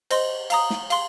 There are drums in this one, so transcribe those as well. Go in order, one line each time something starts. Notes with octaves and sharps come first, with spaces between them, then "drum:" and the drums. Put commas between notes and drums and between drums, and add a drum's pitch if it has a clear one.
C5 D#5 C6, drum: cymbal
F5 A#5 D#6, drum: cymbal
drum: snare
F5 C6, drum: cymbal